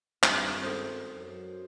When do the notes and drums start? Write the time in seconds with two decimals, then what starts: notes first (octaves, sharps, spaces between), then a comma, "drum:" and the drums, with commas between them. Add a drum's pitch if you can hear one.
0.23 G#1 G2, drum: clap
0.63 C#4 A4 C5
1.16 F#2